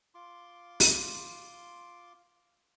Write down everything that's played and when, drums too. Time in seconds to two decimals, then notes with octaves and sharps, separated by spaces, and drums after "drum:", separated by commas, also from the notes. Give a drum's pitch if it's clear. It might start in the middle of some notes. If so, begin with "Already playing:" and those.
0.15 F4 C6 D6
0.80 drum: open hi-hat